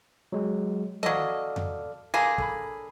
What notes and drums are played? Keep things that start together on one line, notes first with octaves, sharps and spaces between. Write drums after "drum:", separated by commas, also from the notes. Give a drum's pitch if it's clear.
F#3 G#3 G#4
F#3 A4 D5 D#5 F5, drum: tom D#3
drum: tom F2
D3 A#3 G#4 A#6
A4 B5, drum: kick